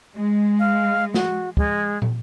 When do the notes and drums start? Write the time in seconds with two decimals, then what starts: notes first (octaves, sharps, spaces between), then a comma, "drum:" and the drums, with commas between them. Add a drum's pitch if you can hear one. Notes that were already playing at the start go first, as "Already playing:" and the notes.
0.16 G#3
0.59 F5
1.14 F#4, drum: snare
1.57 G#3, drum: kick
2.02 drum: tom